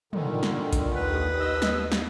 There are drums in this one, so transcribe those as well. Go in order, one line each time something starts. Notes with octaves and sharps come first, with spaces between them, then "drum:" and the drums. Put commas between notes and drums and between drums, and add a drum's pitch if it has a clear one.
A#2 D3 D#3, drum: tom
drum: snare
drum: kick A#1, hi-hat
D#2 B4 D#6
D#5 E6
drum: snare
drum: snare